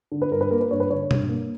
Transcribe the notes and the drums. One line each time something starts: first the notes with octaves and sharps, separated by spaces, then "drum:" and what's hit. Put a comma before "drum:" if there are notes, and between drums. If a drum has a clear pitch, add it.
D3
B4
G2 A#4
B4
A#3 A#4
B4
G2 C#5
B4
D3 C#5
G2, drum: tom B2
A#3